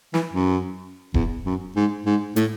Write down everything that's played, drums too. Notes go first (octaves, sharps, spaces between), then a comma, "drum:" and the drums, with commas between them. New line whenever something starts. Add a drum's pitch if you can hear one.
E3, drum: snare
F#2
E2, drum: kick D#1
F#2
G#2
G#2
A2, drum: hi-hat